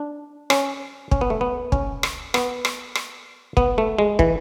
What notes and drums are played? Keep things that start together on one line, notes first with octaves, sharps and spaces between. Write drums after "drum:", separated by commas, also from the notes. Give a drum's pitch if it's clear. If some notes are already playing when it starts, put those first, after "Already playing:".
Already playing: D4
C#4, drum: rim click
C#4, drum: kick
B3
A3
B3
C#4, drum: kick
drum: rim click
B3, drum: rim click
drum: rim click
drum: rim click
B3, drum: kick
A3
G#3
E3, drum: kick